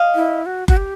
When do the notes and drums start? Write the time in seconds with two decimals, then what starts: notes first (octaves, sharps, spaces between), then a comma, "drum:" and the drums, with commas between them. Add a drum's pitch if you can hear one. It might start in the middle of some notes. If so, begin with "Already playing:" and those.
Already playing: D#5 F5
0.15 E4
0.46 F#4
0.68 F#4, drum: kick F#1
0.77 G4